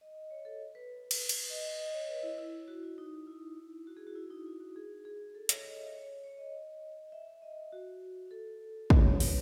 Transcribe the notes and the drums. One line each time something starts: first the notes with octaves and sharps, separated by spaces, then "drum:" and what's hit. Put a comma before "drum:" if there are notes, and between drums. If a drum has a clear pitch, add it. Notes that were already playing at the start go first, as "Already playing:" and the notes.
D#5
C#5
A4
B4
drum: cymbal
drum: cymbal
D#5
D#5
C#5
B4
E4
E4
F#4
E4
D#4
E4
F#4
G#4
F#4
E4
D#4
E4
F#4
G#4
G#4
A4
C#5, drum: hi-hat
D#5
E5
C#5
C#5
C#5
D#5
E5
D#5
F#4
A4
C#5, drum: kick
B4, drum: open hi-hat